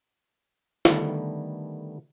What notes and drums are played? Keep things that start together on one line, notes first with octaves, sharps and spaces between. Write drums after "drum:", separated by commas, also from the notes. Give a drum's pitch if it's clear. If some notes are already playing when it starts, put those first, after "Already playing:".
D3 D#3 G3 A3 B3, drum: snare